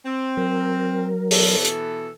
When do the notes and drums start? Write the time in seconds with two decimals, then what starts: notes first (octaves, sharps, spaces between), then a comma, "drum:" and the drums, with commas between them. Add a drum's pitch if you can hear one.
0.05 C4
0.37 F#3 A#4
1.31 B2 E3 A4, drum: open hi-hat
1.64 drum: hi-hat